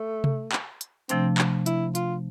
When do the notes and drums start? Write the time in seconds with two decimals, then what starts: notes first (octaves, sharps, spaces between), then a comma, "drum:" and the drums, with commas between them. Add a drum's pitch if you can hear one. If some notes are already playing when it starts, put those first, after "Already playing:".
Already playing: A3
0.24 drum: tom C3
0.52 drum: clap
0.81 drum: hi-hat
1.09 C3 F3 A3 C4 D4, drum: hi-hat
1.38 drum: clap
1.66 E4, drum: hi-hat
1.95 F4, drum: hi-hat